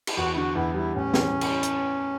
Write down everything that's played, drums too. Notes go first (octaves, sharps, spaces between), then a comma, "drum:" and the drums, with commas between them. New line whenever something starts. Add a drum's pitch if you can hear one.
drum: cymbal
E2 F#4
E4
D3 F#4
E2 E4
G3 E4
A2 C#4
E3, drum: snare
drum: cymbal
drum: hi-hat